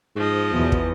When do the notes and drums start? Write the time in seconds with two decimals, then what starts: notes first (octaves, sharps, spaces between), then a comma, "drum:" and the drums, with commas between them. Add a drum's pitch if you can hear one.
0.16 G#2 F3 D#5
0.54 E2 B2
0.72 drum: kick